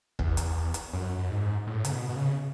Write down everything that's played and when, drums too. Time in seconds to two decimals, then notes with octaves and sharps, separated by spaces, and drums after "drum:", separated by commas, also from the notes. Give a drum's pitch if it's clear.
0.19 E2, drum: kick
0.37 drum: hi-hat
0.74 drum: hi-hat
0.93 F#2
1.18 F#2
1.30 G#2
1.67 A2
1.85 C#3, drum: hi-hat
1.91 B2
2.09 B2
2.16 C#3